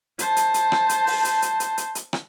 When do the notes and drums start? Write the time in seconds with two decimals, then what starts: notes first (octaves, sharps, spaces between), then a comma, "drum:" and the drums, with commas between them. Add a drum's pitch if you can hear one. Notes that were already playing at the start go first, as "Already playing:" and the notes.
0.19 C5 A5, drum: hi-hat
0.36 drum: hi-hat
0.54 drum: hi-hat
0.72 drum: rim click
0.89 drum: hi-hat
1.07 drum: open hi-hat
1.25 drum: hi-hat
1.42 drum: hi-hat
1.60 drum: hi-hat
1.78 drum: hi-hat
1.95 drum: hi-hat
2.13 drum: rim click